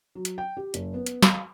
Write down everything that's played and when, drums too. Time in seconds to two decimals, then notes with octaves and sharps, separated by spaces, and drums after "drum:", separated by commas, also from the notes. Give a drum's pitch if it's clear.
0.15 F#3
0.25 drum: hi-hat
0.38 G5
0.57 G4
0.74 F#1, drum: hi-hat
0.94 B3
1.06 drum: hi-hat
1.23 F5, drum: snare